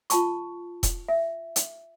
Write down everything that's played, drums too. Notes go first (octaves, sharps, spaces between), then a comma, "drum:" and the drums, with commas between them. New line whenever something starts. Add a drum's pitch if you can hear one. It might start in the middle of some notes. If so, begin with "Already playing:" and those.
F4 A5 C#6, drum: hi-hat
drum: kick E1, hi-hat
E5
drum: hi-hat